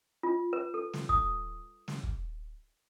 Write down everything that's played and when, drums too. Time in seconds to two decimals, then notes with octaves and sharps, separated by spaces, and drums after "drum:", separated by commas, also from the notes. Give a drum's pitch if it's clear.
0.23 F4
0.53 B4
0.74 A4
0.93 drum: snare
1.09 D#6, drum: kick
1.88 drum: snare
2.03 drum: kick